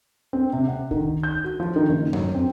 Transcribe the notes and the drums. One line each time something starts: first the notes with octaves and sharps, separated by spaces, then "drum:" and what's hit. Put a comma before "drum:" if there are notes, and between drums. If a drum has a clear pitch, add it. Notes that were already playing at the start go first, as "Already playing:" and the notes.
C4
C3
F#5
D#3, drum: kick C#2
G6
F#4
F3
D#3
F#1
F#3, drum: tom F#2
C4